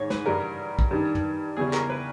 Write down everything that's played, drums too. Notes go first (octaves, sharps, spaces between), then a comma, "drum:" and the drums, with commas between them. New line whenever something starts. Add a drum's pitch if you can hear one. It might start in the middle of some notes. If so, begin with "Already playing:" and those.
Already playing: G#2 D#3 G#4 C#5
B4, drum: snare
G2 E3 G3 A#4
drum: kick
G2 D#3 G3
drum: tom
E2 C#3 E3 G3 G#4
A#4, drum: clap
B4